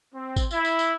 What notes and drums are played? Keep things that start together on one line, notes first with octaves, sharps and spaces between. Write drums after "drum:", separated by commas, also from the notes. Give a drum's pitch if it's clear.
C4
drum: kick, tambourine
E4, drum: tambourine
drum: tambourine
drum: tambourine